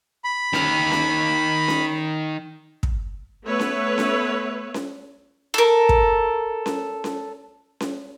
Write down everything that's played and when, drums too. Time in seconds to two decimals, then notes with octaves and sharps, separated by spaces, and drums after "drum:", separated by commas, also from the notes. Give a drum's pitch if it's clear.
0.24 B5
0.53 D#3 F5, drum: snare C#4
0.92 drum: snare C#4
1.68 drum: snare C#4
2.83 drum: kick
3.45 A3 B3 B4 C#5 E5
3.59 drum: snare C#4
3.98 drum: snare C#4
4.74 drum: snare C#4
5.54 A4 A#4
5.89 drum: kick
6.66 drum: snare C#4
7.04 drum: snare C#4
7.80 drum: snare C#4